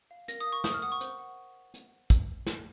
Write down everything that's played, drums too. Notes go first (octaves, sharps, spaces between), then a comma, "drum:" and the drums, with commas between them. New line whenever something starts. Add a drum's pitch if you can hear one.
F5
A#4 A#6, drum: hi-hat
D#6
F5
C#6
C5 D#6, drum: snare
F6
F#5 D#6
C#6
C5, drum: hi-hat
F#5
drum: hi-hat
drum: kick, hi-hat
drum: snare